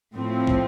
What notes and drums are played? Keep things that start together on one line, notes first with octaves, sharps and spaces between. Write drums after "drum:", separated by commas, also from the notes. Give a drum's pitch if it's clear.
A2 F3 C4
drum: kick